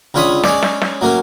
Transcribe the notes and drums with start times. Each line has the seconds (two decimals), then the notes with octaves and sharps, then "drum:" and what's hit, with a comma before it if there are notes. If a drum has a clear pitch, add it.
0.14 C#2 D3 F4 C#5 B5 D#6
0.44 G#3 C#4 C#5 D5, drum: snare
0.63 drum: snare
0.82 drum: snare
1.01 F#3 A3 A#3 C#4